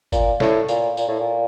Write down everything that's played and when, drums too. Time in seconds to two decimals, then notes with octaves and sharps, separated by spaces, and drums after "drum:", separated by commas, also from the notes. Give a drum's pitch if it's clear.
0.12 A#2, drum: kick G1, tambourine
0.40 A2, drum: snare
0.69 A#2, drum: tambourine
0.97 A#2, drum: tambourine
1.08 A2
1.20 A#2